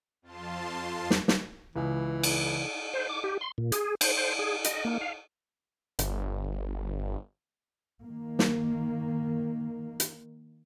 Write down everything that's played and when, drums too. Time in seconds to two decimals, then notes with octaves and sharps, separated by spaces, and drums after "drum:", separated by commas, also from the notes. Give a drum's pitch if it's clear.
0.22 F2 F4 A5 C6
1.10 drum: snare
1.28 drum: snare
1.76 C#2 E3
2.23 drum: cymbal
2.93 C5
3.09 D6
3.24 G4
3.41 C6
3.58 A#2
3.72 G#4, drum: hi-hat
4.01 C5, drum: cymbal
4.17 C5
4.39 G#4
4.64 D#5, drum: hi-hat
4.85 A#3
5.01 F5
5.99 G1, drum: hi-hat
8.05 D#3 A#3
8.39 drum: snare
10.00 drum: hi-hat